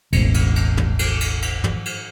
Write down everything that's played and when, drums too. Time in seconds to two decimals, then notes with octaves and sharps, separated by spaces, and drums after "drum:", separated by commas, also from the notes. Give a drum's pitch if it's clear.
0.12 E1 A1, drum: cymbal
0.34 drum: cymbal
0.56 drum: cymbal
0.77 drum: tom
0.99 drum: cymbal
1.21 drum: cymbal
1.42 drum: cymbal
1.64 drum: tom
1.85 drum: cymbal